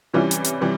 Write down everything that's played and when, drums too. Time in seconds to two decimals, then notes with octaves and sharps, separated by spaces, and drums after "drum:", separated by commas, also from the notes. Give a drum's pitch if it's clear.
0.14 C3 E3 G3 C#4 E4
0.31 drum: hi-hat
0.44 drum: hi-hat
0.61 C3 E3 G3